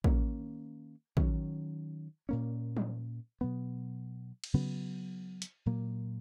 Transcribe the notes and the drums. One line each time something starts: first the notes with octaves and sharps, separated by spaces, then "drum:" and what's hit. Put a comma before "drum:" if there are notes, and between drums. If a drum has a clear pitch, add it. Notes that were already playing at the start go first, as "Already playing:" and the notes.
D#3 A#3 C#4, drum: kick
D#3 F#3 C#4, drum: kick
A#2 A#3 C#4
drum: tom
B2 F#3 B3
drum: cymbal
C#3 F#3 B3
drum: hi-hat
A#2 F#3 A#3